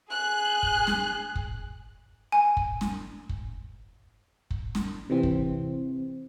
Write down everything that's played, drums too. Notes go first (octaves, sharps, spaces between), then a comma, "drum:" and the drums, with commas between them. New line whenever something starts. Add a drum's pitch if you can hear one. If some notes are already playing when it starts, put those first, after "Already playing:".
G#4 F#6
drum: kick
drum: snare
drum: kick
G#5
drum: kick
drum: snare
drum: kick
drum: kick
drum: snare
C3 E3 C4
drum: kick